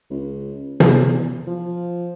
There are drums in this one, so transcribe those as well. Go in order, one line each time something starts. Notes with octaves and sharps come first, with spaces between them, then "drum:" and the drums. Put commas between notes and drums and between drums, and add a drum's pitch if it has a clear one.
C#2
E2, drum: tom
F3